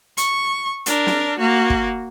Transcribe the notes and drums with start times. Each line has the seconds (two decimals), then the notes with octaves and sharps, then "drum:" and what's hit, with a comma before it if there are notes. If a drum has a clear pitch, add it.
0.17 C#6, drum: hi-hat
0.86 D4 A#4, drum: hi-hat
1.07 drum: snare
1.38 A#3 F#4
1.70 drum: kick